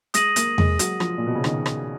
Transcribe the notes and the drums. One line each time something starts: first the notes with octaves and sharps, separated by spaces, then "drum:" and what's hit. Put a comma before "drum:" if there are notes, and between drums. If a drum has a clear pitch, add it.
G#3 D#6 A#6 D#7 F#7, drum: hi-hat
A#3, drum: hi-hat
G#3, drum: tom E2
F#3, drum: hi-hat
F3, drum: rim click
A#2
B2
C#3
D#3, drum: rim click
drum: rim click